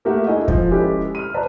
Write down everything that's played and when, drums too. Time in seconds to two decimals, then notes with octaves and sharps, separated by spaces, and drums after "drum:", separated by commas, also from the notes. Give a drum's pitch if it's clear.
0.05 A3 A#3 G4 A4 E5 F#5
0.27 D4 E4 G#4 A4 D#5
0.48 F3, drum: kick
0.71 G#3 C#4 E4 G4 A4 B4
1.15 F6 D#7
1.34 B4 C5 D5 A5 A#5